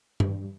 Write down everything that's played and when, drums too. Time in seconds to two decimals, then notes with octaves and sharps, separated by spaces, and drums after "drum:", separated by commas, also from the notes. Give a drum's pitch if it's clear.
0.20 G2, drum: tom G2